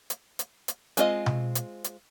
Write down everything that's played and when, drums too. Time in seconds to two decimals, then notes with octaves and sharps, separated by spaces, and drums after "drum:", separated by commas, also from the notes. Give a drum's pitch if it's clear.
0.10 drum: hi-hat
0.39 drum: hi-hat
0.68 drum: hi-hat
0.97 G#3 C4 F4 G#4 D#5, drum: hi-hat
1.26 drum: tom B2
1.55 drum: hi-hat
1.84 drum: hi-hat